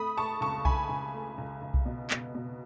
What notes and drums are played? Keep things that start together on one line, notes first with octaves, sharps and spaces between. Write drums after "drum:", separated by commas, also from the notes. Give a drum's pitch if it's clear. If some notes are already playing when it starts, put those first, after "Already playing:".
Already playing: A3 B5 D#6
A3 A5 C#6
C#2 A5 C#6
C#2 G#5 B5, drum: kick B1
C#2
A3
C#2
C#2
drum: kick B1
B2
B2, drum: clap
B2